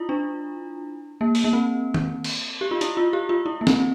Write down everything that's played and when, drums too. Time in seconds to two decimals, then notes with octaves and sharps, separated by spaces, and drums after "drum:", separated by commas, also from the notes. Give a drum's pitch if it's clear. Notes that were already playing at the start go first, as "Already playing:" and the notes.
Already playing: E4 F4
0.09 D4
1.21 A#3
1.35 drum: open hi-hat
1.44 A#3
1.53 C4
1.94 drum: tom D#3
2.24 drum: cymbal
2.61 G4
2.71 F4
2.81 E4, drum: hi-hat
2.97 F4
3.13 G4
3.29 F4
3.46 E4
3.61 A#3
3.67 C4, drum: snare